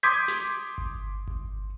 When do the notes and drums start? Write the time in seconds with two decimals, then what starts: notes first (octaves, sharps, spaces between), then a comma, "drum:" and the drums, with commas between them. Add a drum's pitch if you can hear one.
0.03 C6 D6 D#6 G6 G#6 B6
0.28 drum: snare
0.78 drum: kick G1
1.28 drum: kick G1